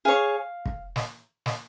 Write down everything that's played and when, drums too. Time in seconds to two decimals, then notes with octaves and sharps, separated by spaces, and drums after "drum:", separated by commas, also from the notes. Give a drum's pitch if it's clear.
0.05 G#4 C#5 F5
0.66 drum: kick
0.96 drum: snare
1.46 drum: snare